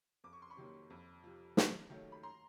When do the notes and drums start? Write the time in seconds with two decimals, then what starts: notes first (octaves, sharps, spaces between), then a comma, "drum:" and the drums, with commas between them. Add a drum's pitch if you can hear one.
0.24 F2 D6
0.33 C#6
0.42 C6
0.50 B5 C#6
0.57 C3 D#3 F#3 A#3
0.90 F2
1.24 C3 F3
1.57 D#2, drum: snare
1.90 D#3 F#3 A3
2.12 B5
2.23 A#5 C6